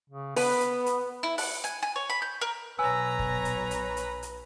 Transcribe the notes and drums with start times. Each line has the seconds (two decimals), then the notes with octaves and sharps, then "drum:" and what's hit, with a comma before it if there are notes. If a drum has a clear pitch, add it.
0.10 C#3
0.36 B3 B4, drum: open hi-hat
0.60 drum: hi-hat
0.86 drum: hi-hat
1.23 E4
1.38 F#5, drum: open hi-hat
1.64 G#5, drum: hi-hat
1.83 G#5
1.96 C#5
2.10 B5
2.22 G6
2.41 A#4
2.79 B1 B2 B4 C#5 G#5 A#5 E6
3.19 drum: kick
3.45 drum: hi-hat
3.71 drum: hi-hat
3.97 drum: hi-hat
4.23 drum: hi-hat